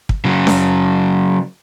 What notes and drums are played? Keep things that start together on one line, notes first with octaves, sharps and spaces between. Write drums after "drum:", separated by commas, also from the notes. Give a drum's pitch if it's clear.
drum: kick
C#3 F#3
drum: snare C#4